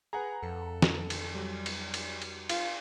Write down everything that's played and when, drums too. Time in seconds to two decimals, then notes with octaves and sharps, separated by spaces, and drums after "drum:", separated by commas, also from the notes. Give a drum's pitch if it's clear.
0.13 G#4 B4 F#5 A#5
0.43 F2 A4
0.82 drum: snare
1.10 drum: cymbal
1.35 F#3 G3
1.66 drum: cymbal
1.94 drum: cymbal
2.22 drum: cymbal
2.49 F4, drum: cymbal